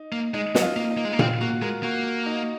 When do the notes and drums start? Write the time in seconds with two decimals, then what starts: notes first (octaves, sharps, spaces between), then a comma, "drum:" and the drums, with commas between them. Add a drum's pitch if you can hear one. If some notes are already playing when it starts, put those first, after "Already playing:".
Already playing: D#4
0.12 A#3
0.34 G#3 D#4
0.55 F#3, drum: snare
0.62 F4
0.77 A#3
0.91 D#4
0.97 A#3
1.05 G#3
1.12 A#3
1.19 C4 F4, drum: tom A#2
1.41 A#3 F#4
1.62 G#3 A#4
1.83 A#3 F#4
2.26 D#4